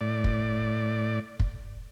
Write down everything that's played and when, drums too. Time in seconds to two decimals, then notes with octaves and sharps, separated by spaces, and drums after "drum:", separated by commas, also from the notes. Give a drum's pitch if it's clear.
0.01 A2 D5
0.24 drum: kick
1.40 drum: kick